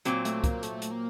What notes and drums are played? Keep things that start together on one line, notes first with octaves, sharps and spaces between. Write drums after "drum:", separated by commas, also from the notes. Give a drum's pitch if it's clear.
A#2 F#3 C4, drum: hi-hat
A3, drum: hi-hat
A#3, drum: kick, hi-hat
A3, drum: hi-hat
drum: hi-hat
A#3